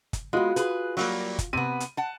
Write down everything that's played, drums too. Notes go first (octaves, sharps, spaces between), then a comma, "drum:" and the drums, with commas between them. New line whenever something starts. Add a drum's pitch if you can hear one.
drum: kick G1, hi-hat
G#3 B3 F4 F#4
G#4 B4, drum: hi-hat
F#3 G3 A#3, drum: open hi-hat
drum: kick G1, hi-hat
C3 B3 D#7
drum: hi-hat
F#5 A5